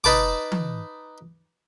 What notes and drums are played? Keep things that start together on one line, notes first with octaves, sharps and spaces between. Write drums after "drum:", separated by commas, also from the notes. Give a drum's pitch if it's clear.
D#4 B4 A5 D6, drum: tom
drum: tom E3